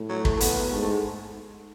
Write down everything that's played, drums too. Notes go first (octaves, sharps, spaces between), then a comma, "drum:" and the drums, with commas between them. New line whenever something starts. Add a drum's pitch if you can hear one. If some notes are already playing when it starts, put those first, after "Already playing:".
Already playing: A2
F#3
A3, drum: kick
A3
B3, drum: hi-hat
G#2 A3
A3
G#3